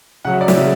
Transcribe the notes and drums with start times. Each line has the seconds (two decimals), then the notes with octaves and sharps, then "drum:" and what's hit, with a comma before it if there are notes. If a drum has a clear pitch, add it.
0.25 C#3 F#3 F#5
0.33 E5
0.41 D5
0.48 E5, drum: snare
0.58 C#3